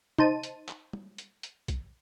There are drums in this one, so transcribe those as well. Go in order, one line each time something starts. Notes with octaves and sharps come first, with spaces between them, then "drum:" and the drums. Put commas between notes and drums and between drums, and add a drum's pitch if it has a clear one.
D#4 C5 A5 D#7, drum: tom
drum: hi-hat
drum: clap
drum: tom G3
drum: hi-hat
drum: hi-hat
drum: kick, hi-hat